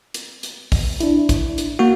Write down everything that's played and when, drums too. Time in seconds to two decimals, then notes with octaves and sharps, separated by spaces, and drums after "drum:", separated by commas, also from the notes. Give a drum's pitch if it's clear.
0.14 drum: hi-hat
0.43 drum: hi-hat
0.72 drum: kick, open hi-hat
1.00 D4 E4, drum: hi-hat
1.29 drum: kick, hi-hat
1.58 drum: hi-hat
1.79 A#3 F#4